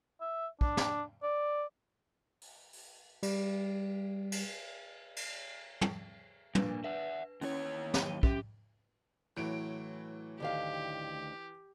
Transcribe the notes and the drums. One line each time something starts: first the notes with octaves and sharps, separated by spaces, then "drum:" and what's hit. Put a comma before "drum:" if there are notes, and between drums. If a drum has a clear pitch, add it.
E5
D4, drum: kick
drum: snare
D5
drum: open hi-hat
drum: open hi-hat
G3, drum: cymbal
drum: cymbal
drum: cymbal
drum: tom
A#2 D4 B4, drum: tom
B4 E5 F#5
D#2 C#4 E4 C#5, drum: open hi-hat
F#3 D#7 G7, drum: snare
C#4 G4 E5, drum: kick
A2 E3 F#3 D7
D2 D#3 G4 F5